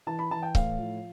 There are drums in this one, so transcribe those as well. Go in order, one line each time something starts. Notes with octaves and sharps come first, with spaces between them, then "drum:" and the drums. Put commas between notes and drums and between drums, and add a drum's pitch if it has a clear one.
E3 A5
B5
E3 A5
G5
A2 F5, drum: kick C#1
F3